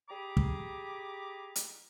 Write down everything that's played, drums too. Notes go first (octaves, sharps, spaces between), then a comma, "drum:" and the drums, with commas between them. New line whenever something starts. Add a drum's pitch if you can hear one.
G4 G#4 A#5 B5 D6
drum: kick
drum: hi-hat